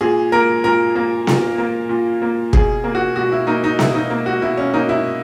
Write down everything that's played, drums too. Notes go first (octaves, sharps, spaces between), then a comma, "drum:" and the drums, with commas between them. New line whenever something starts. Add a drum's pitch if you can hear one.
A#2 G#4
A#3 A#4
A#2 A#4
A#3
A#2, drum: snare B3
A#3
A#2
A#3
B2 G#4, drum: kick
A#3
F#4
B2 F#4
E4
A#3 D#4
D#4
B2 E4, drum: snare B3
D#4
A#3
F#4
B2 E4
C#4
A#3 D#4
E4